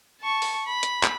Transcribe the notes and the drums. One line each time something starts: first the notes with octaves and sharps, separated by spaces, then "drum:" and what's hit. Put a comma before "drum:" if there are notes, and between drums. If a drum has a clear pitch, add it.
A5 C#6
drum: open hi-hat
B5
drum: hi-hat
drum: clap